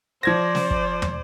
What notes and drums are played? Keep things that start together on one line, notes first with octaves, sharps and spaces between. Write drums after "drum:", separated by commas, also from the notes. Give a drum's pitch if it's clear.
F3 C5 D5 G#6 A#6
drum: snare
drum: kick
drum: tom